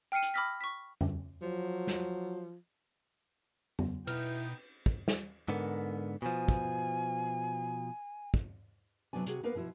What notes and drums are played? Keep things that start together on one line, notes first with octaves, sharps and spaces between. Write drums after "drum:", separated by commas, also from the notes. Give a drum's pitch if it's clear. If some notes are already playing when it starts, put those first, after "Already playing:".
G5 F6 C7 C#7 D#7
drum: hi-hat
B5 D6 E6 F6 A#6 B6
C#6 B6
drum: tom
F3 F#3
drum: snare
drum: tom
B2 B3 D#4 E4 B4 G5, drum: cymbal
drum: kick
drum: snare
G#2 D3 B3 A#4
B2 F3 G#5
drum: kick
drum: kick
C3 F#3 B3 D4 G#5
C3 F#4 G#4, drum: hi-hat
A#3 B3 A#4 B4 F5
B2 F3 E4 F#4